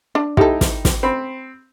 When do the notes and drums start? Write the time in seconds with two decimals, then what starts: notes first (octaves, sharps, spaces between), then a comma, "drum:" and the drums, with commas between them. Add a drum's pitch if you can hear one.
0.15 D4
0.37 D#4 E4 G4 A4 G5, drum: kick
0.61 drum: snare
0.85 drum: snare
1.03 C4 B5